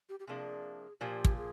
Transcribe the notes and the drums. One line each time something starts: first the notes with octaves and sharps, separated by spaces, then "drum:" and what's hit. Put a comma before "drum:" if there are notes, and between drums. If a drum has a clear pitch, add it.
G4
G4
C3 F3 A#3 D4 G#4
A#2 F3 A#3 G4
drum: kick
G#4